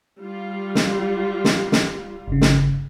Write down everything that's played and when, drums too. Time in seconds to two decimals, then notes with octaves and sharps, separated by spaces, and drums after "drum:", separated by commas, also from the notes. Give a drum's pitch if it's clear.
0.20 G3 F4
0.75 drum: snare
1.45 drum: snare
1.72 drum: snare
2.28 G1 C#3
2.41 drum: snare